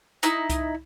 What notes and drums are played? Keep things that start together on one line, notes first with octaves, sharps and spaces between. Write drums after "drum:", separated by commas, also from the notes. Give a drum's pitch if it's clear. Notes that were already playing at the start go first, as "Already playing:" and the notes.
D#4 E4, drum: hi-hat
drum: kick C2, hi-hat